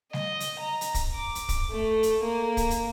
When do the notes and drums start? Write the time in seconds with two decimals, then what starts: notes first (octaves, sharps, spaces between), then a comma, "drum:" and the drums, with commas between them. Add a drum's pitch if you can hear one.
0.13 D#5, drum: snare G3
0.40 drum: hi-hat
0.59 A#5
0.81 drum: hi-hat
0.94 drum: kick, hi-hat
1.15 D6
1.35 drum: hi-hat
1.49 drum: kick, hi-hat
1.71 A3
2.03 drum: hi-hat
2.23 A#3
2.57 drum: kick, hi-hat
2.71 drum: hi-hat